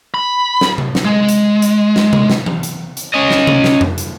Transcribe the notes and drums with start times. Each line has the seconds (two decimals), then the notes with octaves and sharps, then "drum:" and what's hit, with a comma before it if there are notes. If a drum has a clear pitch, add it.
0.14 B5
0.61 drum: snare
0.78 drum: tom C3
0.95 drum: snare
1.05 G#3
1.29 drum: hi-hat
1.62 drum: hi-hat
1.96 drum: snare
2.13 drum: tom C3
2.30 drum: snare
2.46 drum: tom E3
2.63 drum: hi-hat
2.97 drum: hi-hat
3.14 C#4 D#5
3.31 drum: snare
3.47 drum: tom C3
3.64 drum: snare
3.81 drum: tom F2
3.98 drum: hi-hat